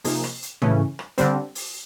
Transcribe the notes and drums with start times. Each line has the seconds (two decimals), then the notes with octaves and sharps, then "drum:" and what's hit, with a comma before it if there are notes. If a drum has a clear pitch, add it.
0.04 C3 F3 A#3 D#4 G#4, drum: open hi-hat
0.24 drum: rim click
0.43 drum: hi-hat
0.62 C#3 E3 A3 C#4, drum: tom
0.99 drum: rim click
1.18 D3 G3 C4, drum: hi-hat
1.55 drum: open hi-hat